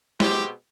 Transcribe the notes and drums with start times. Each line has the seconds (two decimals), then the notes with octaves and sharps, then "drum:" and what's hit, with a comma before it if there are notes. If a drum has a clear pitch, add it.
0.20 B2 G#3 C4 G4, drum: snare